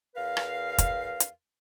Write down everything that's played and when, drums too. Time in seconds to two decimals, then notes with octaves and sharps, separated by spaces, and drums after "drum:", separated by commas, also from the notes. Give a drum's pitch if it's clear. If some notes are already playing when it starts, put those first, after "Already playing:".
0.16 E2 A#4 B4 F5
0.37 drum: rim click
0.78 drum: kick, hi-hat
1.20 drum: hi-hat